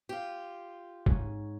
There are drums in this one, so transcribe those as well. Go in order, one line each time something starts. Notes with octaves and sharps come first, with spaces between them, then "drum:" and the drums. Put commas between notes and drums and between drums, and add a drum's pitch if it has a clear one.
F4 G4
G#2 C#4, drum: kick A1